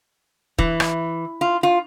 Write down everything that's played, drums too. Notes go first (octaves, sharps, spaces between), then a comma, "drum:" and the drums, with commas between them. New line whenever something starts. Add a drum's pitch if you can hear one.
E3, drum: kick
drum: rim click
F4
F4